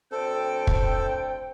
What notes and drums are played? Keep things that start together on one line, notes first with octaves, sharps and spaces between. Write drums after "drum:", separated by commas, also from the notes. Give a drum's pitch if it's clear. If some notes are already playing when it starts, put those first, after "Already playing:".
D2 C4 A4 G5
drum: kick